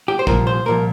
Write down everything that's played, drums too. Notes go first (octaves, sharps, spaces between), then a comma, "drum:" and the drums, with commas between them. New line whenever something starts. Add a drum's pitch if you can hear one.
G4
C5
C2 A#2 F3 A#4, drum: kick
C5
C2 A#2 F3 A#4